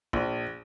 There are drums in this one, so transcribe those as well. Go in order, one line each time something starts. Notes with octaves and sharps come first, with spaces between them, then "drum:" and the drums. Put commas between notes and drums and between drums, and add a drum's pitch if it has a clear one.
A#1, drum: kick